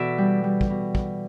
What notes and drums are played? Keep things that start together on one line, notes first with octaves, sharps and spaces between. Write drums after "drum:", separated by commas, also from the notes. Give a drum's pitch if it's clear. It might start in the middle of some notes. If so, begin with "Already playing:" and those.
Already playing: B2 E3 A4 D5 E5
G3
G3
drum: kick
B2
drum: kick